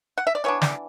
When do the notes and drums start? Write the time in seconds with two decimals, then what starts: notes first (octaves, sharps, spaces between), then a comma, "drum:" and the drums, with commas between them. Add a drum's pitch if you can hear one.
0.18 F#5
0.27 E5
0.35 D5
0.44 E3 B3 D4 C#5
0.62 D5, drum: snare